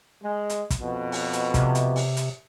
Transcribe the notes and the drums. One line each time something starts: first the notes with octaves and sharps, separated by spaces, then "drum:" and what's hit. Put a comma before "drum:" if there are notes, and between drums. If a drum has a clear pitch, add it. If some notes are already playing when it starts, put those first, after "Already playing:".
G#3
drum: hi-hat
drum: kick, hi-hat
F2 B2
drum: open hi-hat
drum: hi-hat
C3, drum: kick, hi-hat
drum: hi-hat
drum: open hi-hat
drum: hi-hat